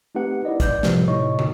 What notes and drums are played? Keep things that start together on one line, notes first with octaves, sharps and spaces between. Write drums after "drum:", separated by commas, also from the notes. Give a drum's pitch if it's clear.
A3 C4 D#4 G4 B4 F#5
D#4 E4 B4 D5 D#5
A1 D5 G6, drum: kick, hi-hat
A2 C3 E3 F3 G3, drum: snare
A2 C3 D#4 C#5 D#5 C#6
drum: tom